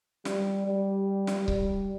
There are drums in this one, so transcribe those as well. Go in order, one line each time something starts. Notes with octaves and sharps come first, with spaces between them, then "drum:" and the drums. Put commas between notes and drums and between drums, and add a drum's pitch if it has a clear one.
G3, drum: snare
G3
drum: snare
G3, drum: kick C#1